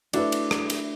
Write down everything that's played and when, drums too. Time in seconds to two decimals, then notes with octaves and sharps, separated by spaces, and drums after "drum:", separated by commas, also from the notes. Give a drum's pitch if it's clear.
0.13 A3 D4 E4 F#4 B4, drum: cymbal
0.32 drum: cymbal
0.51 drum: rim click
0.70 drum: cymbal